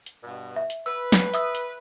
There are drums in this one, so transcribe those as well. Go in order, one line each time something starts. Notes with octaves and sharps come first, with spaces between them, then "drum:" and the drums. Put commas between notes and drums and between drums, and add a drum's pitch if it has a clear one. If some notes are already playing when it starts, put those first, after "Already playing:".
drum: hi-hat
G2 B2
E5
drum: hi-hat
B4 E6
drum: snare
E5 D#6 E6, drum: hi-hat
drum: hi-hat